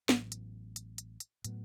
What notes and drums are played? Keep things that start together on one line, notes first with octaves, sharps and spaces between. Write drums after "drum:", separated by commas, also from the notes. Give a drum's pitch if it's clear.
A1 A2 F#3 B3, drum: snare
drum: hi-hat
drum: hi-hat
drum: hi-hat
drum: hi-hat
A2 F#3 B3, drum: hi-hat